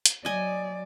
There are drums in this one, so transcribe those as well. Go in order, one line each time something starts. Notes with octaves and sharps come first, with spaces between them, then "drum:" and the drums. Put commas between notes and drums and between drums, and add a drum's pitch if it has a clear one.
drum: hi-hat
F#3 D5 D#5 G#5